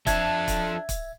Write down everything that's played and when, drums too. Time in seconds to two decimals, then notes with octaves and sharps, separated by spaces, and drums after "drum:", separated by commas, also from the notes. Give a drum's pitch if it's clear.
0.07 F3 D4 A4 E5 G#6, drum: kick, hi-hat
0.48 drum: kick, hi-hat
0.89 drum: kick, hi-hat